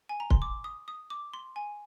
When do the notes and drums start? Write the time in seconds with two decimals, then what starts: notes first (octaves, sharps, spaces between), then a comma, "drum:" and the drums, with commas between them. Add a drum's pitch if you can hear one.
0.09 G#5
0.20 A#5
0.30 C6, drum: kick
0.42 D6
0.64 D#6
0.88 D#6
1.10 D6
1.33 C6
1.56 G#5